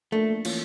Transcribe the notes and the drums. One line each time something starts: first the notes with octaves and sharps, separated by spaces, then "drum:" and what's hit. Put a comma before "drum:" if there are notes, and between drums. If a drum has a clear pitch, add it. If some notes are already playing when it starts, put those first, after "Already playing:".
F3 A3 A#3 D4
E3 A#3 C#4 F4, drum: cymbal